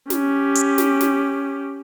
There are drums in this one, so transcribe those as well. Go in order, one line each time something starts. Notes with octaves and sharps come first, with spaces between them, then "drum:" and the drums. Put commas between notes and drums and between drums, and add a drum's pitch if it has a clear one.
C#4 G4, drum: snare
drum: hi-hat
drum: snare
drum: snare